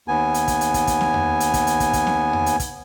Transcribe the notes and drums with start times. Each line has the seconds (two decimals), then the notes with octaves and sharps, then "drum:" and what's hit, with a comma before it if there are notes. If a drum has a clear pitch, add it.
0.08 D#2 B3 G#5
0.34 drum: hi-hat
0.48 drum: kick, hi-hat
0.61 drum: hi-hat
0.74 drum: kick, hi-hat
0.87 drum: kick, hi-hat
1.01 drum: snare
1.14 drum: tom E2
1.40 drum: hi-hat
1.54 drum: kick, hi-hat
1.67 drum: hi-hat
1.80 drum: kick, hi-hat
1.93 drum: kick, hi-hat
2.07 drum: snare
2.33 drum: tom E2
2.46 drum: hi-hat
2.60 drum: kick, hi-hat